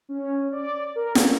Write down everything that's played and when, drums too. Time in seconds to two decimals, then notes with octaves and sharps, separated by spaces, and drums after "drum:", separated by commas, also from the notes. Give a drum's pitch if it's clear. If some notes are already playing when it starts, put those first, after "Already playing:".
0.09 C#4
0.52 D5
0.95 A#4
1.15 A#3, drum: snare